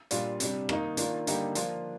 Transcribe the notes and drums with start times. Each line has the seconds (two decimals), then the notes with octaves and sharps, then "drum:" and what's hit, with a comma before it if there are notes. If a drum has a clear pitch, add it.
0.11 A#2 G3 D4 F4, drum: hi-hat
0.40 C3 G3 D4, drum: hi-hat
0.69 D#3 A#3 D#4, drum: rim click
0.97 D#3 A#3 D4 F4, drum: hi-hat
1.27 D3 G3 A#3 D#4 G4, drum: hi-hat
1.55 F3 A#3 D4 F4, drum: hi-hat